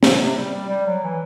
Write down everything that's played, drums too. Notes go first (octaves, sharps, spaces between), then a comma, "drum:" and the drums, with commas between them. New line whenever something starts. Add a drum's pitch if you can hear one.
A2, drum: snare
B2
C3
G3
G3
G3
F#3
E3